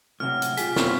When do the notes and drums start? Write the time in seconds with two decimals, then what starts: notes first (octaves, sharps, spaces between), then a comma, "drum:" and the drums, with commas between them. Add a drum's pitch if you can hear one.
0.20 A2 C3 F#3 F6
0.42 drum: hi-hat
0.57 F4 G4 G#4 B6, drum: hi-hat
0.76 F#2 B2 B3 C4 F4 C#5, drum: snare